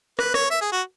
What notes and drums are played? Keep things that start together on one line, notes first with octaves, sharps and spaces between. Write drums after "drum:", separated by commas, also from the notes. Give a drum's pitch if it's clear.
B4, drum: rim click
C#5, drum: rim click
E5
G#4
F#4